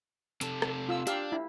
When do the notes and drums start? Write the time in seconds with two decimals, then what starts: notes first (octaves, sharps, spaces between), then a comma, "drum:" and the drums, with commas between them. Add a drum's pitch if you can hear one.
0.41 C3 A4, drum: hi-hat
0.62 drum: rim click
0.89 F4 E6
1.07 D4 G4 F5 E6, drum: hi-hat
1.32 E4